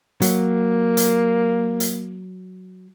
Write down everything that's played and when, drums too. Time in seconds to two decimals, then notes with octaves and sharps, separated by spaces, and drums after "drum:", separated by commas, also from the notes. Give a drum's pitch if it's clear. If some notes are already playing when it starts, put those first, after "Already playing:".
0.22 F#3 A#3, drum: hi-hat
0.97 drum: hi-hat
1.80 drum: hi-hat